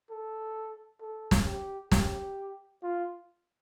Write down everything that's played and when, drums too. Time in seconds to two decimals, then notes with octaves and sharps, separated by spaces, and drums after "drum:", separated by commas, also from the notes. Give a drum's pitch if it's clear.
0.11 A4
1.01 A4
1.31 drum: snare
1.47 G4
1.92 G4, drum: snare
2.83 F4